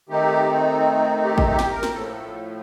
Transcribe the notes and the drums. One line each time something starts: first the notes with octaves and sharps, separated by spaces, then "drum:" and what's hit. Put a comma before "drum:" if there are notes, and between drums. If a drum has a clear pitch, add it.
D#3 A3 C4 D#4 G4
G4
drum: kick
G4
drum: snare
A#4
drum: snare
A2 F3 A3 A4